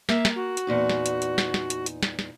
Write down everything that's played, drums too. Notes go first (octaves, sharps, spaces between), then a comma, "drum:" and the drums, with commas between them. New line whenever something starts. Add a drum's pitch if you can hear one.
A#3 E5, drum: snare
drum: snare
F#4
drum: hi-hat
E2 A#2 D#4
drum: snare
drum: hi-hat
drum: hi-hat
drum: snare
drum: snare
drum: hi-hat
drum: hi-hat
drum: snare
drum: snare